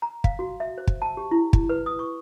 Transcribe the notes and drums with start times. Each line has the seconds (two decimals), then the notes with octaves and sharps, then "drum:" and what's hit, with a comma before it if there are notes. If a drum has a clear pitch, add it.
0.02 A#5
0.24 F5, drum: kick
0.39 F#4
0.60 E5
0.78 C5
0.87 drum: kick
1.02 A5
1.17 G4
1.31 E4
1.53 drum: kick
1.69 B4
1.86 D#6
1.99 C#6